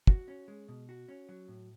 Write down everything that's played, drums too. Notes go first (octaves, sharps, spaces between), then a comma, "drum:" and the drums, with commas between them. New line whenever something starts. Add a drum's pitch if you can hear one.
F#4, drum: kick
C#4
G#3
B2
F#4
C#4
F#3
A2